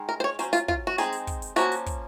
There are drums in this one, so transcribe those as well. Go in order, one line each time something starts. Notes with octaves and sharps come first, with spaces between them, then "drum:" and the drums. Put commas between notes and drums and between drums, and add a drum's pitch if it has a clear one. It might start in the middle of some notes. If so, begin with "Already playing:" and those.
Already playing: D#3 G#3
A#4
C5
C#5
F#3 C#4 C5, drum: hi-hat
F4, drum: hi-hat
F4, drum: kick
F#4
G#3 C4 D#4 G#4, drum: hi-hat
drum: hi-hat
drum: kick, hi-hat
drum: hi-hat
F3 A#3 C#4 F#4, drum: hi-hat
drum: hi-hat
drum: kick, hi-hat